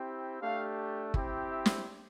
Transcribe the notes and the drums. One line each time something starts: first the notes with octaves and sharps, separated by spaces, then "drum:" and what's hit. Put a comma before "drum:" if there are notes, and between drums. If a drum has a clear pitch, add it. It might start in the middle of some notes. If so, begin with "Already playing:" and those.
Already playing: C4 E4 G4
A3 D4 G4 F5
C4 E4 G4, drum: kick
E5
drum: snare